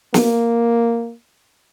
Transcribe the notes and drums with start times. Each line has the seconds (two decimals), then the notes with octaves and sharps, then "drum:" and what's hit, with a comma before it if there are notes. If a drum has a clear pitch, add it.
0.14 A#3, drum: snare